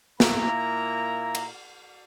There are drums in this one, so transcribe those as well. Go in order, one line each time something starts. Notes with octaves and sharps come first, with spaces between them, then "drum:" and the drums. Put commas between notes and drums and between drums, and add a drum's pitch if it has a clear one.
A#2 A#3 E4 A#5, drum: snare
drum: cymbal